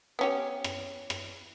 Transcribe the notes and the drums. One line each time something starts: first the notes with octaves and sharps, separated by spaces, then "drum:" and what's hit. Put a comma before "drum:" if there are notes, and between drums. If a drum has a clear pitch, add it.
B3 C#4 G4
drum: rim click
drum: rim click